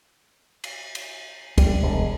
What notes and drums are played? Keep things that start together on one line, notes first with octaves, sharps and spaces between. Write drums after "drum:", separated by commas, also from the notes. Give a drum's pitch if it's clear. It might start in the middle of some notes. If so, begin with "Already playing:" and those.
drum: cymbal
drum: cymbal
G3, drum: kick C#2, cymbal
E1